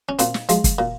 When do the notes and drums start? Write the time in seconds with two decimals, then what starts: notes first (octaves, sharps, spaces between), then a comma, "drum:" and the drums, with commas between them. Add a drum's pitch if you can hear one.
0.09 C#4
0.19 A#2 C4, drum: hi-hat
0.34 drum: snare
0.49 F3 G#3, drum: hi-hat
0.64 drum: kick, hi-hat
0.79 A#2